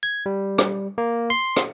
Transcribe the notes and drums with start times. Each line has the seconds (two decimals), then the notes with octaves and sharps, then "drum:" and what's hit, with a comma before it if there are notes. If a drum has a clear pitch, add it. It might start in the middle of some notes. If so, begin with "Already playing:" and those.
0.03 G#6
0.26 G3
0.58 drum: rim click
0.98 A#3
1.30 C6
1.56 drum: rim click